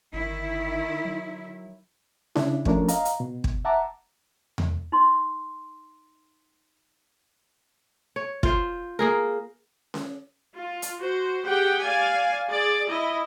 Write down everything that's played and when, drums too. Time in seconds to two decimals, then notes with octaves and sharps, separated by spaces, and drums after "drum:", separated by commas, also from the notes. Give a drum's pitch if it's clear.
0.13 G1 D#3 E4
1.05 F#3
2.35 C#3 D4 E4, drum: snare C#4
2.65 F3 A3 C#4 D4 A#4, drum: kick
2.88 D#5 F5 A#5, drum: hi-hat
3.05 drum: hi-hat
3.20 B2
3.44 drum: kick
3.65 E5 F#5 A5 A#5 D6
4.58 drum: tom E2
4.92 D#4 C6
8.16 C#5
8.43 F4 C5, drum: kick
8.99 A#3 G#4 A#4
9.94 drum: snare C#4
10.56 F4
10.82 drum: hi-hat
11.01 F#4 C5
11.46 G4 G#4 F#5 G5
11.83 D5 F5 G#5
12.49 G#4 D5
12.88 E4 D#5